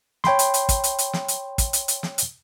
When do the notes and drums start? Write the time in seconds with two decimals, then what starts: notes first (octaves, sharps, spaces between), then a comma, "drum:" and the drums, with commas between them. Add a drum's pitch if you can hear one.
0.24 C#5 G5 B5 C6, drum: snare
0.39 drum: hi-hat
0.54 drum: hi-hat
0.69 drum: kick, hi-hat
0.84 drum: hi-hat
0.98 drum: hi-hat
1.13 drum: snare
1.28 drum: hi-hat
1.58 drum: kick, hi-hat
1.73 drum: hi-hat
1.88 drum: hi-hat
2.03 drum: snare
2.18 drum: hi-hat